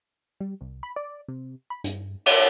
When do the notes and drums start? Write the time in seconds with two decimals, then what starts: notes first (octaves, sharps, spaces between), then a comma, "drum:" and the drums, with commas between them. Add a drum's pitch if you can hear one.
0.40 G3
0.61 C2
0.83 B5
0.96 D5
1.28 C3
1.70 B5
1.84 G2, drum: hi-hat
2.26 D6, drum: cymbal